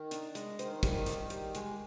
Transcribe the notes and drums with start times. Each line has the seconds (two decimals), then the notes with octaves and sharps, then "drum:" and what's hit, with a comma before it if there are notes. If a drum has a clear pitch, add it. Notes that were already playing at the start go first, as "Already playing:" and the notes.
Already playing: D#3
0.11 D4, drum: hi-hat
0.35 G#3, drum: hi-hat
0.59 D#3 C5, drum: hi-hat
0.83 G3, drum: kick, hi-hat
1.06 G3, drum: hi-hat
1.30 G4, drum: hi-hat
1.55 G#3, drum: hi-hat